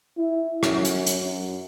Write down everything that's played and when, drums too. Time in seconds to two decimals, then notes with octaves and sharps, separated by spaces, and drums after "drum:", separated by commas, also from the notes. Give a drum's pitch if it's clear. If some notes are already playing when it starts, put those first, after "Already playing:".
0.17 E4
0.63 F#2, drum: rim click
0.85 drum: hi-hat
1.07 drum: hi-hat
1.23 F#2